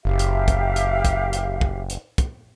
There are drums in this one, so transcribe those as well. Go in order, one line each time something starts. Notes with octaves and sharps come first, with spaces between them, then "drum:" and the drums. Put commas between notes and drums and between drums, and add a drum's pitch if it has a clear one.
F#1 G4 E5 F5
drum: hi-hat
drum: kick, hi-hat
drum: hi-hat
drum: kick, hi-hat
drum: hi-hat
drum: kick
drum: hi-hat
drum: kick, hi-hat